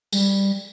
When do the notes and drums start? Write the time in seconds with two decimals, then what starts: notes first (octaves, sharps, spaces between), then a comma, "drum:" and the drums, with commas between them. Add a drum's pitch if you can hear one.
0.13 G3, drum: tambourine